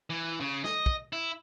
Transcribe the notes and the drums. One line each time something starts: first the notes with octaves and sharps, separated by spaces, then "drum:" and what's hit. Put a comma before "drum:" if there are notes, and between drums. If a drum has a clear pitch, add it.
E3
C#3
D#5, drum: snare
drum: kick
E4